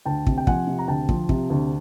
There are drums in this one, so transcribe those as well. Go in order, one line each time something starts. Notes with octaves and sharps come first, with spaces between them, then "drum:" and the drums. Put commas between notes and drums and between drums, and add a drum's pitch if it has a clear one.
D2 G5 A5
C3, drum: kick
G5
F3 F#5 G#5, drum: kick
C3
A#5
D2 G5 A5
F3, drum: kick
C3, drum: kick
D2